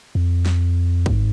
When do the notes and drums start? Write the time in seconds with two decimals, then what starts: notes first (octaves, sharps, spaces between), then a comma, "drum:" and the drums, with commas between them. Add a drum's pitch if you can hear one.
0.15 F2
0.46 drum: snare
1.06 G#2, drum: kick